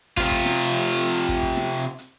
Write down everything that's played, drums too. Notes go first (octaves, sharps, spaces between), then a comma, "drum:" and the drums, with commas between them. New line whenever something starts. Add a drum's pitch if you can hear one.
C3 F4, drum: kick, hi-hat
drum: kick, hi-hat
drum: snare
drum: hi-hat
drum: hi-hat
drum: hi-hat
drum: hi-hat
drum: kick, hi-hat
drum: kick, hi-hat
drum: snare
drum: hi-hat